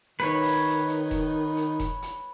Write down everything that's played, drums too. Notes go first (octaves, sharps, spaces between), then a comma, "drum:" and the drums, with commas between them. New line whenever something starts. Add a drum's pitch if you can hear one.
D#3 B4 C#5, drum: hi-hat
drum: open hi-hat
drum: hi-hat
drum: kick E1, hi-hat
drum: hi-hat
drum: kick E1, hi-hat
drum: hi-hat